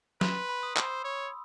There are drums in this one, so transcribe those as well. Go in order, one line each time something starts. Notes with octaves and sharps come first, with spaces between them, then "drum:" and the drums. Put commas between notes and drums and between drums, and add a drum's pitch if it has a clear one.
B4 C6, drum: snare F#3
B5
D#6
C5 E6, drum: clap
C#5